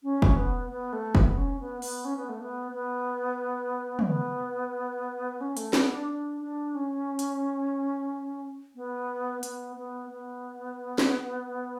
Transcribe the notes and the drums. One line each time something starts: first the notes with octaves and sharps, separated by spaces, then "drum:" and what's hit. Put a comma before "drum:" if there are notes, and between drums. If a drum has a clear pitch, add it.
C#4
drum: kick
B3
B3
A3
B3, drum: kick
C#4
B3
B3, drum: open hi-hat
C#4
B3
A3
B3
B3
C#4, drum: tom
B3
C#4
A3, drum: hi-hat
B3, drum: snare C4
D4
D4
D4
C#4
drum: hi-hat
B3
B3, drum: hi-hat
B3
B3
drum: snare C4